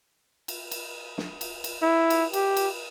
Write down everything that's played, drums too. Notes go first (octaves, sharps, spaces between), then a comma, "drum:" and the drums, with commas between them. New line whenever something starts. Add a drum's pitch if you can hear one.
drum: cymbal
drum: cymbal
drum: snare
drum: cymbal
drum: cymbal
E4
drum: cymbal
G4, drum: cymbal
drum: cymbal